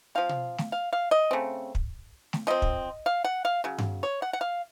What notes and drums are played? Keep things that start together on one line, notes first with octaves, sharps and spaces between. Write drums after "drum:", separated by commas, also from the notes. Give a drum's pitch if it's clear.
F3 C4 F5
drum: tom B2
drum: snare
F5
F5
D#5
C#3 A3 C4
drum: kick
drum: snare
F3 C4 D#5
drum: kick
F5
F#5
F5
C#3 F#3
drum: tom G2
C#5
F#5
F#5
F5